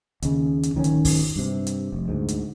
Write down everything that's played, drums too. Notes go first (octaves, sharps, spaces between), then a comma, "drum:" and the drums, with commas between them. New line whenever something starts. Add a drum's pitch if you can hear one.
D#2 C#3, drum: hi-hat
drum: hi-hat
D1 D#3 C4 C#4
drum: hi-hat
drum: kick, open hi-hat
G2 C3
drum: hi-hat
F1
D2 G#2
drum: hi-hat